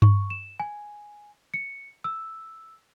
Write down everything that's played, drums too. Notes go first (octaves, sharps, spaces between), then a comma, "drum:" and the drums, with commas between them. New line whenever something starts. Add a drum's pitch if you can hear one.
C#6, drum: tom G2
E7
G#5
C#7
E6